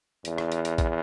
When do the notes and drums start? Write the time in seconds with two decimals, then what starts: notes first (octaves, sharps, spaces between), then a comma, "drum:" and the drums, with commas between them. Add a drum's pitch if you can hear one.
0.25 E2, drum: hi-hat
0.38 drum: rim click
0.52 drum: hi-hat
0.65 drum: hi-hat
0.78 drum: kick A#1, hi-hat